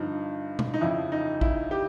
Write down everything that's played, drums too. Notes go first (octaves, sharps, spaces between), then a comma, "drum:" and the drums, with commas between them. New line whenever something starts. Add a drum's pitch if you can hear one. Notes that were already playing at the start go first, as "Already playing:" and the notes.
Already playing: G2 D3 F3 D#4
drum: tom B2
D#4
F2 C#3 F3 E4
D#4
E4, drum: kick A#1
G4